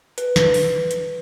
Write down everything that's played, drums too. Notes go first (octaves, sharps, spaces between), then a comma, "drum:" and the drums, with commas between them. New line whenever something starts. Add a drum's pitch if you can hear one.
B4, drum: hi-hat
drum: snare
drum: open hi-hat
drum: hi-hat